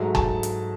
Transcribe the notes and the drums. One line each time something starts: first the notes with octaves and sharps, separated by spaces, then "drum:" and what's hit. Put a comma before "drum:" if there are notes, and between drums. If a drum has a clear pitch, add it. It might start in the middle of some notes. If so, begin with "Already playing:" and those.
Already playing: G#2 F#3 A3
A5, drum: kick F#1
drum: hi-hat